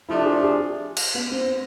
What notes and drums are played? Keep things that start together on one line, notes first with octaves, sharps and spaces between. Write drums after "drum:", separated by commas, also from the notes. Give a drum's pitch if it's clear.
C3 F3 A3 D4 E4
G#4
G#4
drum: cymbal
B3
C4